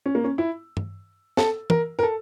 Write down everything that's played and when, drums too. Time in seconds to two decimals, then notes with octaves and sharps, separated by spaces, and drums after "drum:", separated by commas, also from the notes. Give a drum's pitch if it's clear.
0.06 C#4
0.15 A#3
0.24 C#4
0.38 E4
0.77 drum: tom G2
1.37 A4, drum: snare
1.70 A#4, drum: tom
1.99 A#4
2.03 A4